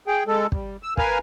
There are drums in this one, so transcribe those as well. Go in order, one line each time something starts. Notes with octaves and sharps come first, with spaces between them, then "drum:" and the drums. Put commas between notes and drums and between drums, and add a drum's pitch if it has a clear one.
G#4 G5
G#3 A4
G3, drum: kick
E6
A#4 B4 F5 G#5 A#5, drum: kick